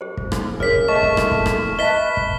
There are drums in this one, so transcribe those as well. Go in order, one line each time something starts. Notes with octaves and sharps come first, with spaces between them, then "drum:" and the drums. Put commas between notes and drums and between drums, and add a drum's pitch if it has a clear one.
G4 C5
drum: kick
drum: rim click
C#3 G#4 A#4 C#5 F6 B6, drum: kick
A3 D#5 C#6
drum: kick
drum: rim click
drum: kick
drum: rim click
B4 D#5 E5 A5 B6 G7
drum: kick